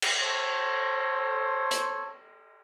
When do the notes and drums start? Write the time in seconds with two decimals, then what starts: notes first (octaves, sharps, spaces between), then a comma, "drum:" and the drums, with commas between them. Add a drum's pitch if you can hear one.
0.02 drum: cymbal
0.23 A4 C5 C#5
1.71 drum: hi-hat